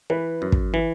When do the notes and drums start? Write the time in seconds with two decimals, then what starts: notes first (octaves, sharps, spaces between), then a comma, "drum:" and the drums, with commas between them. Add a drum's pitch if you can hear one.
0.10 E3 B4
0.42 F#2
0.52 drum: kick
0.74 E3